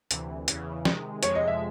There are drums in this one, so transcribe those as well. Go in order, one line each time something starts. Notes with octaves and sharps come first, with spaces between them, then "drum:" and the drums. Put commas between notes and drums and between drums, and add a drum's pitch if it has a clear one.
D2 C3 E3, drum: hi-hat
E2 C#3 E3, drum: hi-hat
C3 D#3 G#3, drum: snare
F2 C3 F3 G#3 C#5, drum: hi-hat
D#5
E5